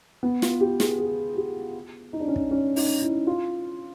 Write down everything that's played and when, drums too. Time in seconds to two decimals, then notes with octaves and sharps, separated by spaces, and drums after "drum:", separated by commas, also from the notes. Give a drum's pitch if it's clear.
0.23 B3
0.42 F4, drum: snare
0.61 G4
0.80 G#4, drum: snare
0.99 G#4
1.37 G4
2.13 D#4
2.20 D4
2.28 C#4
2.36 D4, drum: kick
2.51 C#4
2.76 D#4, drum: open hi-hat
3.02 E4
3.27 F4